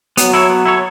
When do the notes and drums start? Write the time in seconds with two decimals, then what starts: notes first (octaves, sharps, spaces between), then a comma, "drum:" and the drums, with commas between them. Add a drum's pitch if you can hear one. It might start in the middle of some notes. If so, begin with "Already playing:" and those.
0.17 F#3 B3, drum: hi-hat
0.34 E4 A4 C#5
0.50 B3
0.66 E4 A4 C#5